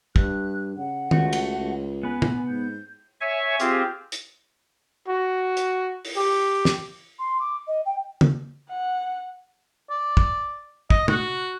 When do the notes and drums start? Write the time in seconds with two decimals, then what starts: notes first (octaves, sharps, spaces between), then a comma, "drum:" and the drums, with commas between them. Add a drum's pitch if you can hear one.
0.16 G2 F#6, drum: kick
0.77 C#3 F#5
1.11 C#2 A3 F#4, drum: tom
1.33 drum: cymbal
1.57 C#2
2.03 B3 B4 G#5
2.22 drum: tom C3
2.48 G#2 G6
3.21 C#5 E5 G#5 C#6
3.60 C4 F4 G4 G#4, drum: hi-hat
4.12 drum: hi-hat
5.08 F#4
5.57 drum: hi-hat
6.05 drum: open hi-hat
6.17 G4
6.65 drum: snare
7.19 C6
7.39 D6
7.67 D#5
7.85 G5
8.21 drum: tom C#3
8.70 F#5
9.90 D5
10.17 drum: kick
10.90 D#5, drum: kick
11.08 F#4, drum: tom C3